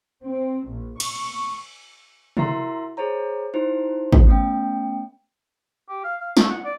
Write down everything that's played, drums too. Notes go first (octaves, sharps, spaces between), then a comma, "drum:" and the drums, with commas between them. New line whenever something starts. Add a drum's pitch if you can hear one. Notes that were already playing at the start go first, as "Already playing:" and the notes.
C4
A#1
C#6, drum: cymbal
E4 F#4 A#4 E5 A#5 C6, drum: tom C3
G#4 C5 C#5 A#5
D#4 E4 F#4 C5
drum: kick
A3 B3 C#4 G5
G4
F5
F5
A3, drum: snare
F#5
D5